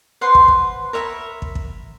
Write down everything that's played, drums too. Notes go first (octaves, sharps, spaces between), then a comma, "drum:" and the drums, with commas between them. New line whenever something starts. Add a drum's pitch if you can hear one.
B4 C5 F#5 C6
drum: kick
drum: kick
A#4 C#5 E5 B5
drum: kick
drum: kick